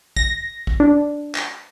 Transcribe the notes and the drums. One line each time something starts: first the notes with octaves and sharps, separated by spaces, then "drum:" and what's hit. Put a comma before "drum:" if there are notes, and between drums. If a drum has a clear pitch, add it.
A#6, drum: kick
drum: kick
D4
drum: clap